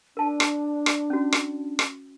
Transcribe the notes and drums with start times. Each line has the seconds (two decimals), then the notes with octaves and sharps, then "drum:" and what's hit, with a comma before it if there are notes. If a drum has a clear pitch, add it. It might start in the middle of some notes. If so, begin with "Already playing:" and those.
0.17 D4 A#4 A5
0.40 drum: rim click
0.86 drum: rim click
1.10 C#4 F#4
1.32 drum: rim click
1.79 drum: rim click